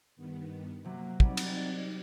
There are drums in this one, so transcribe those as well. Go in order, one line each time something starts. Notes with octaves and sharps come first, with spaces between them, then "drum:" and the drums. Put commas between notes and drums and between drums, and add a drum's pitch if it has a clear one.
G2 D#3 B3
C3 F#3 A#3
F#3 G3 C4 D#4 D5, drum: kick
drum: cymbal